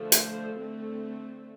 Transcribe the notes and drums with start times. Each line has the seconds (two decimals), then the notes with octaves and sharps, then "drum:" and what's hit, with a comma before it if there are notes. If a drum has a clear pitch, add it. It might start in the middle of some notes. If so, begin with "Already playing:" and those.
Already playing: D3 F3 A3
0.12 C5, drum: hi-hat
0.57 D3 A3 C4